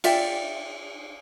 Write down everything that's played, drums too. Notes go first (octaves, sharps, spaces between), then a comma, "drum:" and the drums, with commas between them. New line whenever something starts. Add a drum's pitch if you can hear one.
F4 D5 E5 G5, drum: cymbal